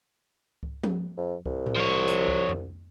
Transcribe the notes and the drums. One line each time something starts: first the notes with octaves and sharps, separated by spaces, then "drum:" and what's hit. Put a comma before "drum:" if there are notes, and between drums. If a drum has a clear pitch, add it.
drum: kick C#2
drum: tom F3
F2
C2, drum: kick C#2
drum: tom A2
F3 C#5
drum: hi-hat
drum: kick C#2
drum: tom F2